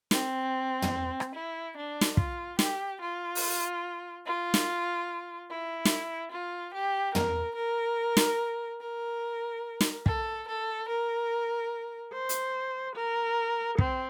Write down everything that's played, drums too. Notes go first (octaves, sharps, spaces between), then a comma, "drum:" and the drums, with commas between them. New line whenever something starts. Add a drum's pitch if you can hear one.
C4, drum: snare
drum: tom
drum: rim click
E4
D4
drum: snare
F4, drum: kick
G4, drum: snare
F4
drum: open hi-hat
F4
drum: snare
E4
drum: snare
F4
G4
A#4, drum: tom
A#4
drum: snare
A#4
drum: snare
A4, drum: kick
A4
A#4
C5
drum: hi-hat
A#4
C4, drum: kick